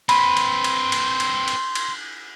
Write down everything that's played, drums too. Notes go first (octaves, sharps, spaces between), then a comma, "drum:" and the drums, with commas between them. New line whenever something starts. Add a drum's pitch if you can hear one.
C4 B4 B5 C6, drum: cymbal
drum: cymbal
drum: cymbal
drum: cymbal
drum: cymbal
drum: cymbal
drum: cymbal